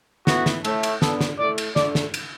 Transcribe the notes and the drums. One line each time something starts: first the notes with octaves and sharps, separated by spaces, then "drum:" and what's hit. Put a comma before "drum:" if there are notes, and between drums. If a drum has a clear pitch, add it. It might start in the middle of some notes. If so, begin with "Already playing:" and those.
A2 E3 B3 F#4, drum: snare
drum: snare
A2 A3, drum: cymbal
drum: cymbal
D3 B3 A4, drum: snare
drum: snare
A2 A3 D5
drum: cymbal
D3 A3 D5, drum: snare
drum: snare
drum: cymbal